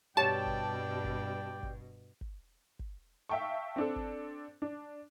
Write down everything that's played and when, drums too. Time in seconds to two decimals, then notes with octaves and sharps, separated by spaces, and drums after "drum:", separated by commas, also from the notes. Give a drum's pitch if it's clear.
0.17 G2 B2 G3 G4 C#5 D5 G5 A5
0.46 drum: kick
1.04 drum: kick
1.63 drum: kick
2.21 drum: kick
2.79 drum: kick
3.29 E5 F5 G5 A5 C#6
3.76 C4 D4 A4
3.96 drum: kick
4.62 D4